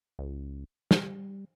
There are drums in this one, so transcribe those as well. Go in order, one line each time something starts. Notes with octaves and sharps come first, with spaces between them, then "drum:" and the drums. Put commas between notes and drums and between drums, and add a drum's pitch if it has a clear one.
C#2
G3, drum: snare